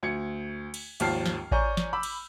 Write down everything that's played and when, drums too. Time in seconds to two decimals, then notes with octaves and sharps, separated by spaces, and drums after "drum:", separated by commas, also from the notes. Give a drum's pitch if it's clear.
0.03 D2 G#6 C#7
0.74 drum: cymbal
1.00 G#1 D#2 F3 A5 F6 C7, drum: cymbal
1.26 drum: snare
1.51 C#5 D5 G#5 A#5 C#6 G6, drum: kick A1
1.77 drum: snare
1.93 B5 D6 E6
2.03 drum: cymbal